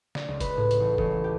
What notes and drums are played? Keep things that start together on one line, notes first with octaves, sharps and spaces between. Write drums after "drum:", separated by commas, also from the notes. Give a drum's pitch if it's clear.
D5, drum: snare
C#2
B4, drum: kick F1, hi-hat
A2
drum: hi-hat
A1
A1, drum: kick F1
E3
G4